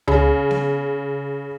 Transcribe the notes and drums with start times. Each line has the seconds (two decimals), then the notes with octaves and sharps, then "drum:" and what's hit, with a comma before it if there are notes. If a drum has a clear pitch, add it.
0.08 C#3, drum: tom C#2
0.51 drum: snare B3